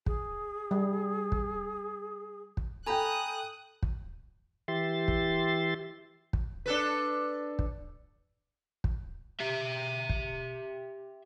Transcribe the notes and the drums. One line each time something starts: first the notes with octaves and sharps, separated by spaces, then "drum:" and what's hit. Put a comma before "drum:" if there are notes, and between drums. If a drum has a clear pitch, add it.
G#4, drum: kick
G3
drum: kick
drum: kick
A4 G5 G#5 A#5 B5 D#6 F#6
drum: kick
E3 G4 E5 C6 A6
drum: kick
drum: kick
D4 A4 B4
drum: kick
drum: kick
G4 E5
drum: kick